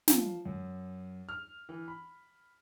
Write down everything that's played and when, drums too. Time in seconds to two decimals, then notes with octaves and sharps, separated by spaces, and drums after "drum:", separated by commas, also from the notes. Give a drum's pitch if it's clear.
0.08 F3, drum: snare
0.45 F#2
1.29 F6
1.69 E3
1.88 B5